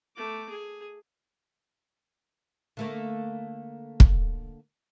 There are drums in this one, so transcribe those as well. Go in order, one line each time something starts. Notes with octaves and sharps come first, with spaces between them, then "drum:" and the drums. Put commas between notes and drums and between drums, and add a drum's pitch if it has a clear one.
A3 D6
G#4
D3 A3 A#3
drum: kick